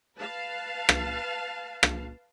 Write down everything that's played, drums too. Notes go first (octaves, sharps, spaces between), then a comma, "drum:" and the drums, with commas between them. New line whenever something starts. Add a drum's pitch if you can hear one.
B4 F5 A5
drum: rim click
drum: rim click